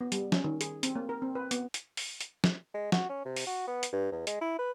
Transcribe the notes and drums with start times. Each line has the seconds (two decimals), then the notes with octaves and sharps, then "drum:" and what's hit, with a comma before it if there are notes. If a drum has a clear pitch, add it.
0.01 B3
0.12 G3, drum: hi-hat
0.32 C#4, drum: snare
0.44 D#3
0.61 G#4, drum: hi-hat
0.83 C4, drum: hi-hat
0.95 A#3
1.09 A#4
1.22 C4
1.35 B4
1.51 B3, drum: hi-hat
1.74 drum: hi-hat
1.97 drum: open hi-hat
2.21 drum: hi-hat
2.44 drum: snare
2.74 G#3
2.92 F#4, drum: snare
3.09 C#4
3.25 C3
3.36 drum: open hi-hat
3.47 F#4
3.67 B3
3.83 drum: hi-hat
3.93 G2
4.12 E2
4.27 G#3, drum: hi-hat
4.41 E4
4.59 B4